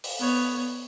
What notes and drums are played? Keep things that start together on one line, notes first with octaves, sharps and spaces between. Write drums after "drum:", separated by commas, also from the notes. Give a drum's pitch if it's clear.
drum: open hi-hat
B3 C#5